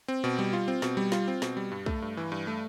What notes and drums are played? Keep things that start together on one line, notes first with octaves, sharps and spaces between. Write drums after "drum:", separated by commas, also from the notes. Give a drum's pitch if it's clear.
C4
B2
G3
F4
C4
B2, drum: snare
G3
F4, drum: snare
C4
B2, drum: snare
G3
G2
A3, drum: kick
G2
E3
G2
A3